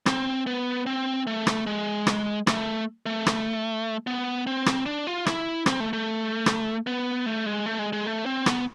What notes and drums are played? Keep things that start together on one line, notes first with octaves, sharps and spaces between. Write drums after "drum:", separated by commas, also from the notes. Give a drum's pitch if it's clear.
C4, drum: rim click
B3
C4
A3
drum: rim click
G#3
drum: rim click
A3, drum: rim click
A3
drum: rim click
B3
C4
drum: rim click
D4
F4
E4, drum: rim click
C4, drum: rim click
A3
A3
drum: rim click
B3
A3
G#3
A3
G#3
G#3
A3
C4
B3, drum: rim click